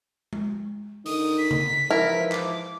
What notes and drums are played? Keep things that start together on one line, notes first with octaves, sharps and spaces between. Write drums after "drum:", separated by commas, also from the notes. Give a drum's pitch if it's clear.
drum: tom G#3
D3 D#3 D#4 D#6, drum: open hi-hat
B6
drum: tom C#3
G#2 E3 F3 E4 A#4
D6, drum: clap